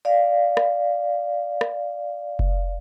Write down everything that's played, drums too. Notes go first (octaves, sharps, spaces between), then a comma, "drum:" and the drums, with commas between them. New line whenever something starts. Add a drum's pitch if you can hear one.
D5 F5
drum: rim click
drum: rim click
drum: kick F1